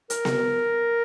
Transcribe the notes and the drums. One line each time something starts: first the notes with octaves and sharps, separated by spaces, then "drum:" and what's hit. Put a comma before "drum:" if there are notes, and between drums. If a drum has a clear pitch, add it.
A#4, drum: hi-hat
drum: snare B3